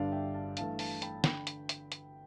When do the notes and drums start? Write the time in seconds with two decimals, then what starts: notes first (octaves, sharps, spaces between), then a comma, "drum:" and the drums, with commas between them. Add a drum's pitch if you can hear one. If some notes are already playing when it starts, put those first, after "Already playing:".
Already playing: G1 G2 D3 G3 D4 D5 F5
0.12 E5 G5
0.34 F5 A5
0.57 G2 E3 A3 F5 A5, drum: hi-hat
0.79 F5 A5, drum: open hi-hat
1.02 G5 B5, drum: hi-hat
1.24 D3 G5 B5, drum: snare
1.47 drum: hi-hat
1.69 drum: hi-hat
1.92 drum: hi-hat